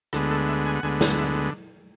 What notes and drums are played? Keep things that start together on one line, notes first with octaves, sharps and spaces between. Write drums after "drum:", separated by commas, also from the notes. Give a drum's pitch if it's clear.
D2 D3 G#3 B3 A4, drum: rim click
A4
E5
G#5
F#5
D2 D3 G#3 B3 G#5
F#5, drum: snare
E5